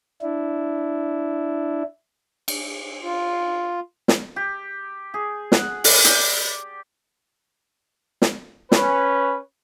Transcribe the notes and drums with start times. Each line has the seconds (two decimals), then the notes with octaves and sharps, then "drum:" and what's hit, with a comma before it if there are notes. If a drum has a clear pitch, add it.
0.22 D4 E4
2.48 drum: cymbal
3.03 F4
4.08 drum: snare
4.36 G4
5.14 G#4
5.52 F#5, drum: snare
5.84 D5, drum: open hi-hat
6.05 G4, drum: hi-hat
8.22 drum: snare
8.72 C#4 B4, drum: snare